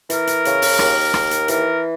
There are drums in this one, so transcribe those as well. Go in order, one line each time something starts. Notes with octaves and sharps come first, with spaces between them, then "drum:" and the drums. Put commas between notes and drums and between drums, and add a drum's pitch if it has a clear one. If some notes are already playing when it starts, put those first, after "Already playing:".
E3 A#4, drum: hi-hat
drum: hi-hat
C#3, drum: hi-hat
drum: open hi-hat
D#2, drum: rim click
D#2, drum: rim click
drum: hi-hat
E3 A#4, drum: hi-hat